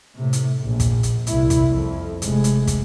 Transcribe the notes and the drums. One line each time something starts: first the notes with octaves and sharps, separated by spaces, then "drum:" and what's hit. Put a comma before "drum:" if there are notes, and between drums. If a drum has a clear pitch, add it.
A2 C3
drum: hi-hat
A#1
drum: kick, hi-hat
drum: hi-hat
C2 E4, drum: hi-hat
drum: kick, hi-hat
F2
F1 G#3, drum: hi-hat
drum: hi-hat
drum: kick, hi-hat